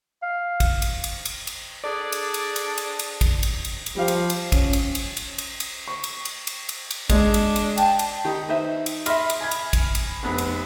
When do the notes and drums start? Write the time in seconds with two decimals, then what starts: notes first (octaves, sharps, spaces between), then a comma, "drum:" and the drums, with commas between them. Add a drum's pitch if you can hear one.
0.23 F5
0.60 drum: kick, cymbal
0.82 drum: cymbal
1.04 drum: cymbal
1.25 drum: cymbal
1.47 drum: cymbal
1.84 D4 G#4 A4 D5
2.12 drum: cymbal
2.34 drum: cymbal
2.56 drum: cymbal
2.78 drum: cymbal
2.99 drum: cymbal
3.21 drum: kick, cymbal
3.43 drum: cymbal
3.65 drum: cymbal
3.86 drum: cymbal
3.96 F3 G3 G4 F5
4.08 drum: cymbal
4.30 drum: cymbal
4.52 C#4, drum: kick, cymbal
4.73 drum: cymbal
4.95 drum: cymbal
5.17 drum: cymbal
5.38 drum: cymbal
5.60 drum: cymbal
5.88 C#6
6.04 drum: cymbal
6.25 drum: cymbal
6.47 drum: cymbal
6.69 drum: cymbal
6.91 drum: cymbal
7.10 G#3 D4, drum: kick, cymbal
7.34 drum: cymbal
7.56 drum: cymbal
7.78 G5 A5, drum: cymbal
7.99 drum: cymbal
8.25 D#3 D#4 G4
8.49 D#4 B4 C5 E5
8.86 drum: cymbal
9.06 D#5 E5 B5 C6 F6, drum: cymbal
9.30 drum: cymbal
9.41 G#5 B5 G#6
9.51 drum: cymbal
9.73 drum: kick, cymbal
9.95 drum: cymbal
10.23 F1 B3
10.38 drum: cymbal